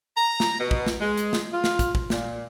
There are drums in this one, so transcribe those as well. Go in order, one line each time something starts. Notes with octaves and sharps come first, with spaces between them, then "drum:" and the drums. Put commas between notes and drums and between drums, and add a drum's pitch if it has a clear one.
A#5
drum: snare
B2
drum: kick
drum: snare
G#3
drum: hi-hat
drum: snare
F4
drum: snare
drum: kick, hi-hat
drum: kick
A#2, drum: snare